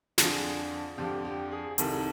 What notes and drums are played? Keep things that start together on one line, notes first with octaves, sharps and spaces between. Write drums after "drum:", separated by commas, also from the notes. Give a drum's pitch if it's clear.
F2 D3 F3 G#4, drum: snare
F2 D3 F3 G4
G4
G#4
C2 C3 D#3 A4, drum: hi-hat